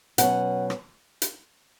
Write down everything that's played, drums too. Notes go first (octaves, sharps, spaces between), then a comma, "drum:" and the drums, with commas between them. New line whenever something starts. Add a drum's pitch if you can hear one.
B2 F#3 C#4 F#5, drum: hi-hat
drum: rim click
drum: hi-hat